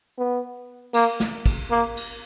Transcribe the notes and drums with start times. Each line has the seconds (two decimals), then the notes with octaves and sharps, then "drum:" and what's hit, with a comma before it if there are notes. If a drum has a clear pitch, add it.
0.18 B3
0.94 A#3, drum: cymbal
1.20 drum: snare
1.46 drum: kick, cymbal
1.71 A#3
1.97 drum: cymbal